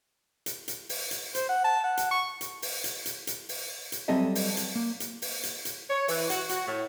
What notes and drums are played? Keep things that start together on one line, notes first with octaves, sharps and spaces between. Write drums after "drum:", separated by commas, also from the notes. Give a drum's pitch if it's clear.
drum: hi-hat
drum: hi-hat
drum: open hi-hat
drum: hi-hat
C5, drum: hi-hat
F#5
A5
F#5
drum: hi-hat
C#6
drum: hi-hat
drum: open hi-hat
drum: hi-hat
drum: hi-hat
drum: hi-hat
drum: open hi-hat
drum: hi-hat
F#3 G3 C4 A4 D#5 E5
drum: open hi-hat
drum: hi-hat
A#3
drum: hi-hat
drum: open hi-hat
drum: hi-hat
drum: hi-hat
C#5
E3, drum: open hi-hat
F#4, drum: hi-hat
F#4, drum: hi-hat
A2